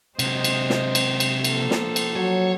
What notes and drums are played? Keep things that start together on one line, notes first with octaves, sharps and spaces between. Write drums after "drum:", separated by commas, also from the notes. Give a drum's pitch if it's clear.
C3 F#3 G#3 C5 D#5, drum: cymbal
drum: cymbal
drum: snare
drum: cymbal
drum: cymbal
F3 A#3 A4, drum: cymbal
drum: snare
drum: cymbal
F#3 C#5